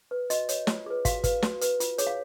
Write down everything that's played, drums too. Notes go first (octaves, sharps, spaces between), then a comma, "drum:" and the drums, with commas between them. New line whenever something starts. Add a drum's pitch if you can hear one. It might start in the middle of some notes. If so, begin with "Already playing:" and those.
B4
F#4 D#5, drum: hi-hat
C#5, drum: hi-hat
F4, drum: snare
G#4 B4
F#4 F5, drum: kick, hi-hat
B4, drum: kick, hi-hat
F#4, drum: snare
B4, drum: hi-hat
F4, drum: hi-hat
G#4 C#5, drum: hi-hat
F5